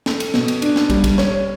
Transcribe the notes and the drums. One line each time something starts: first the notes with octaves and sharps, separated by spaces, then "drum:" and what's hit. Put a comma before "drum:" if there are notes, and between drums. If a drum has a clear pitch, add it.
A4, drum: snare
drum: cymbal
B2, drum: snare
drum: cymbal
D4, drum: cymbal
drum: snare
G3, drum: kick, cymbal
drum: kick, cymbal
C#5, drum: snare